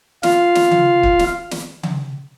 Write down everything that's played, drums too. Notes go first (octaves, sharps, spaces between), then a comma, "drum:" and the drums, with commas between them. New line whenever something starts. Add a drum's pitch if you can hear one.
F4 F5, drum: snare
drum: snare
drum: tom C#3
drum: kick
drum: snare
drum: snare
drum: tom C#3